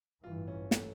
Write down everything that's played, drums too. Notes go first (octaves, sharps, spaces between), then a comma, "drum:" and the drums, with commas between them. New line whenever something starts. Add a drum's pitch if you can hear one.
A1 G2 E3 F4
C#4
A3, drum: snare